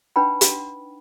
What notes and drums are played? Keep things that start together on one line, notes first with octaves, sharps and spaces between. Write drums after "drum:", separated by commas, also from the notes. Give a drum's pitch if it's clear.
D4 D#4 B4 F#5 G5 B5
drum: hi-hat